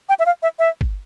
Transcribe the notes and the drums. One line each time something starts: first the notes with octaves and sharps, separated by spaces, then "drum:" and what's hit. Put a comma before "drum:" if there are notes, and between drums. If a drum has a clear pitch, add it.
G5
E5
F5
E5
E5
drum: kick G1